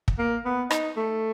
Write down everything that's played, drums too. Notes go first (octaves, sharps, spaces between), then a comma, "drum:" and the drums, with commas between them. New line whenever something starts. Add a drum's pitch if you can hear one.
drum: kick
A#3
B3
D#4, drum: rim click
A3